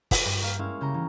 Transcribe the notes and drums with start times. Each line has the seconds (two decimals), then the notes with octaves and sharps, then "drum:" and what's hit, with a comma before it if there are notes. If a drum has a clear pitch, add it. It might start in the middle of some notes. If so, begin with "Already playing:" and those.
0.11 drum: kick, open hi-hat
0.25 G2 G5
0.42 A#3 F5
0.59 G#3 C#4 E4 F5
0.81 C#3 G4 A#5
0.94 E3